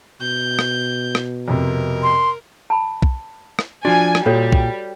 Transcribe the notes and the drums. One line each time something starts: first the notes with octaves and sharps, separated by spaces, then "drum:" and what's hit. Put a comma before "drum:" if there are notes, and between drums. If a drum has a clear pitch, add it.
B2 G6
drum: rim click
drum: rim click
F2 C3 A#4
C6
A5 B5
drum: kick
drum: rim click
F3 D4 F#4 G#5
drum: rim click
A#2 G3 F#4 A4 C#5
drum: kick